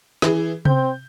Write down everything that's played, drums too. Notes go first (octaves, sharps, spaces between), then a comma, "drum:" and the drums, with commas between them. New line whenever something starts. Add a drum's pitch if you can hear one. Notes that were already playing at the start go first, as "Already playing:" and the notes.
E3 E4 G#4, drum: snare
C4 G6, drum: tom C3